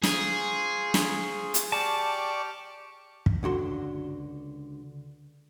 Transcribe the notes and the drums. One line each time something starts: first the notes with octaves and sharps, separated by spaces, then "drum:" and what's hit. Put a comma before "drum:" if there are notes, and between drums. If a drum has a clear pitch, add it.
F4 G#4 C5 C#6, drum: snare
drum: snare
drum: hi-hat
G4 D5 G5 A5 C#6 F6
drum: kick
C#2 D3 F#4 C6